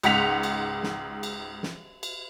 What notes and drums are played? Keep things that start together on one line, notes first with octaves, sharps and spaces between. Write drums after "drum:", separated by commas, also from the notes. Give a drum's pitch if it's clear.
C#2 G#2 F#5 B6 F7, drum: cymbal
drum: cymbal
drum: snare
drum: cymbal
drum: snare
drum: cymbal